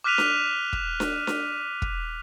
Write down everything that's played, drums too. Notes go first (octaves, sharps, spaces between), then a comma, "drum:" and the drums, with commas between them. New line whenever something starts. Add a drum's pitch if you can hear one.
D6 F6 F#6 B6 D#7 F7
drum: snare D4
drum: kick
drum: snare D4
drum: snare D4
drum: kick